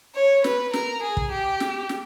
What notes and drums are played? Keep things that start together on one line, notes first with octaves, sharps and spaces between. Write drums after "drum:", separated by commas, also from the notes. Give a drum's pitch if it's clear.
C#5
B4, drum: snare
A#4, drum: snare
G#4
drum: kick
G4
drum: snare
drum: snare